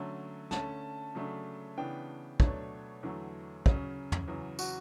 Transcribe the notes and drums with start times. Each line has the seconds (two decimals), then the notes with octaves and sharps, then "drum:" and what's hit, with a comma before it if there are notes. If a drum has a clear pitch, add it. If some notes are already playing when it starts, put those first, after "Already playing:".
Already playing: D3 F#3 A3 C#4
0.51 D3 A3 C#4 A5, drum: snare
1.15 C#3 F#3 A3 D4
1.78 C#3 E3 B3 D4 G5
2.40 B2 F#3 A3 D4 C#5, drum: kick
3.03 E2 D3 F#3 A3
3.66 C#3 F#3 C#4, drum: kick
4.12 drum: tom
4.28 E2 C#3 F#3
4.59 F#4, drum: tambourine